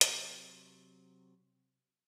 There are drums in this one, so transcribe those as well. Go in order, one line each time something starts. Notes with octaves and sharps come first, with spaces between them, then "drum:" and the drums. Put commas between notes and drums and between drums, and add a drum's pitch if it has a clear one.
C3 F#3, drum: hi-hat